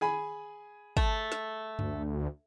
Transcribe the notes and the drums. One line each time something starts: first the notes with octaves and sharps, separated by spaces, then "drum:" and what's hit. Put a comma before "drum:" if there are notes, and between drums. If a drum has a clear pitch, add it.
G#4 G#5 B5
A3, drum: kick
drum: snare
D2, drum: tom F#2